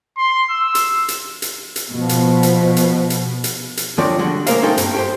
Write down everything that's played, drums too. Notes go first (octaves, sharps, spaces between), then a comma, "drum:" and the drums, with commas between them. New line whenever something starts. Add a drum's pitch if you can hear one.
C6
E6
drum: hi-hat
drum: hi-hat
drum: hi-hat
drum: hi-hat
B2 F3
drum: hi-hat
drum: hi-hat
drum: hi-hat
drum: hi-hat
drum: hi-hat
drum: hi-hat
D3 F3 C4 C#5 D5
D3 G3 G#3 F#4
G#3 A#3 B3 A#4 C5 F5, drum: hi-hat
G#3 C#4 D#4 A4 A#4 G5
G2 C4, drum: hi-hat
G4 A4 C5